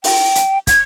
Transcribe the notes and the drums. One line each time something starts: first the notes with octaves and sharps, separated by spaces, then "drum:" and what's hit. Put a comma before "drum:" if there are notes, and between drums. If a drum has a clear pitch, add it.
G5, drum: open hi-hat
drum: hi-hat
G#6, drum: kick, hi-hat